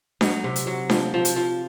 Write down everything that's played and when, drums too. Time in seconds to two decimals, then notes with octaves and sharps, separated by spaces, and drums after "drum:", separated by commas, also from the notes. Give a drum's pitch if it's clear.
0.21 F#3 D#4, drum: snare D4
0.44 C3
0.56 drum: hi-hat
0.67 F#3
0.90 F3, drum: snare D4
1.14 F3
1.25 drum: hi-hat
1.36 F3